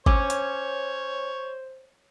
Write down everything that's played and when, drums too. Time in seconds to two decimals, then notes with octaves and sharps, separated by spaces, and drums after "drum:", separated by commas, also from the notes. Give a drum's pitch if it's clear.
0.06 C#4 C5 C#5 D6, drum: kick
0.30 drum: hi-hat